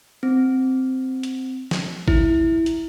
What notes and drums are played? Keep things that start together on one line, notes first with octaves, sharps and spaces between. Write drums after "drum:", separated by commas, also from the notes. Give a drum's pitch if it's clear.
C4
drum: hi-hat
drum: snare
E4, drum: kick G#1
drum: hi-hat